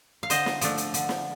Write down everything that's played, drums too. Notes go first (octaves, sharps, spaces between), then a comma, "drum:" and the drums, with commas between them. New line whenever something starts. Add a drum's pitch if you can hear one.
F5
D3 C5 D#5, drum: hi-hat
drum: snare
F3 A3 D4, drum: hi-hat
drum: hi-hat
D3, drum: hi-hat
drum: snare